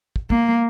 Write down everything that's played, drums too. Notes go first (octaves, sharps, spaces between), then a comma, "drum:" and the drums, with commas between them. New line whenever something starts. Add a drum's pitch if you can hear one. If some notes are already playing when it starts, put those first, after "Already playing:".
drum: kick
A#3, drum: kick